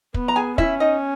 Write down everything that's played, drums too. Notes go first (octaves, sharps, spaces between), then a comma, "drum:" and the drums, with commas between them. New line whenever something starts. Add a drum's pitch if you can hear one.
B3, drum: kick
A#5
G#4 G#5
C#4 E4 E5, drum: kick
D#4 D#5